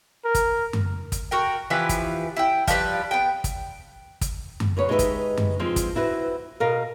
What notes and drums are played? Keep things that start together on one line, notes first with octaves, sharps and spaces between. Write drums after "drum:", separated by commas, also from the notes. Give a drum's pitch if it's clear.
A#4
drum: kick, hi-hat
drum: tom F#2
drum: kick, hi-hat
F#4 A#4 G5
E3 F3 G4 B4
drum: kick, hi-hat
E4 G5
F3 G3 G4 B4, drum: kick, hi-hat
B3 G5
drum: kick, hi-hat
drum: kick, hi-hat
drum: tom F#2
F#2 B3 C#4 C#5
G#3 D#4 G4 A#4 B4 E5
drum: kick, hi-hat
drum: tom F#2
F3 G#3 C4
drum: kick, hi-hat
C4 E4 F#4 B4
B2 A#4 D#5 F5